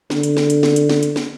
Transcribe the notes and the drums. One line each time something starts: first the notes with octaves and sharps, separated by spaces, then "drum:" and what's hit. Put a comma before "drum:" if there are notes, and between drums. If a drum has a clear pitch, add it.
D3, drum: snare
drum: hi-hat
drum: snare
drum: hi-hat
drum: snare
drum: hi-hat
drum: snare
drum: hi-hat
drum: snare